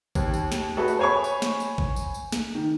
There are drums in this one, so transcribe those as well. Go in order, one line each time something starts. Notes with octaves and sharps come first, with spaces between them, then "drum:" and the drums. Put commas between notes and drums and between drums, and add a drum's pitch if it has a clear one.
D#2, drum: kick, tambourine
drum: tambourine
drum: snare
A3 F#4 G#4 A4 B4
drum: tambourine
C5 C#5 G#5 B5 C#6
drum: tambourine
drum: snare
drum: tambourine
drum: kick
drum: tambourine
drum: tambourine
drum: snare
D#3